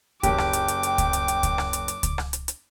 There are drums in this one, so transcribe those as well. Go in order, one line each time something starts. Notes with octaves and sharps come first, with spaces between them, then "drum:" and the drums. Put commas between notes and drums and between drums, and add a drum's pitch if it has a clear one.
F#1 G4 G5 D6, drum: kick C#2, hi-hat
drum: rim click
drum: hi-hat
drum: hi-hat
drum: hi-hat
drum: kick C#2, hi-hat
drum: hi-hat
drum: hi-hat
drum: kick C#2, hi-hat
drum: rim click
drum: hi-hat
drum: hi-hat
drum: kick C#2, hi-hat
drum: rim click
drum: hi-hat
drum: hi-hat